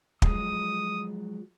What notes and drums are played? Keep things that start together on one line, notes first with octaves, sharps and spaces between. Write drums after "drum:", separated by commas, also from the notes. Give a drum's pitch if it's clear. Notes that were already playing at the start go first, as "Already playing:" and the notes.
F3 F#3 G#3 D#6, drum: kick